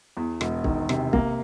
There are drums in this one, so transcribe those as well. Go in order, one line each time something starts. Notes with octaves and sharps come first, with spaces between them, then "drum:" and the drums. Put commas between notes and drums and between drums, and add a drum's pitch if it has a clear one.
E2
E1, drum: rim click
D#3, drum: kick
C3, drum: rim click
A#3, drum: kick